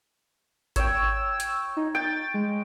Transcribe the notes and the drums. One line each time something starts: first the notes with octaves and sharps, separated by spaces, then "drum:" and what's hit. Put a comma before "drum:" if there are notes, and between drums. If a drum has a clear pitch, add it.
C#5 G5 E6, drum: kick G#1, hi-hat
drum: hi-hat
D#4
G5 A6
G#3